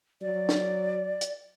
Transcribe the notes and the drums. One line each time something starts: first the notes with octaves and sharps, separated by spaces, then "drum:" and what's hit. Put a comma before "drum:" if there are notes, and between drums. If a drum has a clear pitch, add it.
F#3 D5
drum: snare
drum: hi-hat